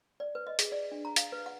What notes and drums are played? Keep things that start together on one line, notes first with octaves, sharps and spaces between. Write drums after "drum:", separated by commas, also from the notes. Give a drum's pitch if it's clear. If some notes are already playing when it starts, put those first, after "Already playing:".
D5
B4
D#5
G#4, drum: hi-hat
D5
D4
A#5
F5, drum: hi-hat
B4
F#5